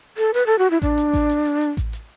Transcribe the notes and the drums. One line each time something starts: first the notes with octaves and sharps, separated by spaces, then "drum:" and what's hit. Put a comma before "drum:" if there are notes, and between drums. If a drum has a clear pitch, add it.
A4, drum: hi-hat
B4, drum: hi-hat
A4
F#4
E4
D4, drum: kick A1, hi-hat
drum: hi-hat
drum: kick A1, open hi-hat
drum: hi-hat
drum: hi-hat
drum: hi-hat
drum: kick A1, hi-hat
drum: hi-hat